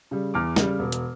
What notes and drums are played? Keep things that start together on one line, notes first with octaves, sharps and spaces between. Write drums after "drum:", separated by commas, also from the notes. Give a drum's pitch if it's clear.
C#3 G3
E2 D6 F6
C#3 G3, drum: snare
E1
drum: hi-hat